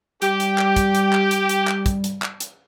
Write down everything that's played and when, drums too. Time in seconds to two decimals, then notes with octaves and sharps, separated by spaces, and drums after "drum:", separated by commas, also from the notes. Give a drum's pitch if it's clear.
0.22 G3 G4, drum: hi-hat
0.40 drum: hi-hat
0.58 drum: clap
0.76 drum: kick, hi-hat
0.95 drum: hi-hat
1.13 drum: clap
1.31 drum: hi-hat
1.49 drum: hi-hat
1.68 drum: clap
1.86 drum: kick, hi-hat
2.04 drum: hi-hat
2.22 drum: clap
2.40 drum: hi-hat